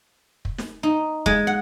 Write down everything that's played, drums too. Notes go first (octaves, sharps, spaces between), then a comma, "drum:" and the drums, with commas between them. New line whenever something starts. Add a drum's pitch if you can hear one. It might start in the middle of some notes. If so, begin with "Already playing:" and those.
drum: kick
drum: snare
D#4
G#3, drum: kick
F#5